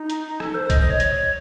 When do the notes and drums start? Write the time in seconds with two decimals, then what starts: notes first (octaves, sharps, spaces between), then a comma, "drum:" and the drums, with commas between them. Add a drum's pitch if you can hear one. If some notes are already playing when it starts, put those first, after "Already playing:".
Already playing: D#4
0.10 drum: hi-hat
0.40 A4, drum: rim click
0.55 C5
0.70 D#5, drum: kick, hi-hat
0.80 D#5
0.90 C#5
1.00 drum: hi-hat